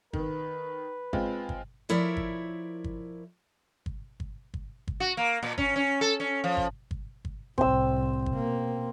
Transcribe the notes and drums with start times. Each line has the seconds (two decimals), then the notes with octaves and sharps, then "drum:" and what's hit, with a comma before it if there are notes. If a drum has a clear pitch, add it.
0.13 D#3 B4, drum: kick G1
1.13 G#3 C4 F4, drum: kick G1
1.49 drum: kick G1
1.89 F3 E4 A#4 C#5 D5 E5
2.17 drum: kick G1
2.84 drum: kick G1
3.86 drum: kick G1
4.20 drum: kick G1
4.54 drum: kick G1
4.88 drum: kick G1
5.00 F#4
5.17 A#3
5.43 A#2
5.58 C#4, drum: kick G1
5.76 C#4
6.01 A4
6.20 C#4
6.44 F3
6.57 drum: kick G1
6.91 drum: kick G1
7.25 drum: kick G1
7.58 C2 A2 C4 E6, drum: kick G1
8.26 drum: kick G1
8.35 B2 A#3